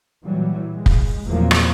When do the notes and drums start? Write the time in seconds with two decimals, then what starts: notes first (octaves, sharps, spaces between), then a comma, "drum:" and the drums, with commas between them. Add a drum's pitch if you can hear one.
0.25 A#2 E3 F#3 G3
0.74 G#3
0.86 drum: kick
1.25 E2 A#2 F3 F#3 A#3 C4
1.51 drum: rim click